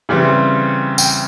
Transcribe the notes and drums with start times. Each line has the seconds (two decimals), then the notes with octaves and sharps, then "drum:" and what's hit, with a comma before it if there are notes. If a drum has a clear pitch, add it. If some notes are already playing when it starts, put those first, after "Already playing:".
0.09 C#3 E3 G3 C4
0.98 G5, drum: tambourine